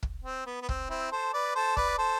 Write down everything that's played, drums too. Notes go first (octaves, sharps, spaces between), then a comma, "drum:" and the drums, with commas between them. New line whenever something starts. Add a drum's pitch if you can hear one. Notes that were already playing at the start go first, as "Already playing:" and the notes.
drum: kick
C4
B3
B3
C4, drum: kick
C4 E4
A4 C5
B4 D5
A4 C5
B4 D5, drum: kick
A4 C5